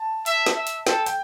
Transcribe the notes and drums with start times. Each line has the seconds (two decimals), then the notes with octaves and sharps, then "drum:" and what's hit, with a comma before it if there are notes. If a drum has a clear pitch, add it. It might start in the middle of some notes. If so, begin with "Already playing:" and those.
Already playing: A5
0.26 E5, drum: hi-hat
0.46 drum: snare
0.56 E5
0.67 drum: hi-hat
0.87 A4 G5, drum: snare
1.06 G5, drum: hi-hat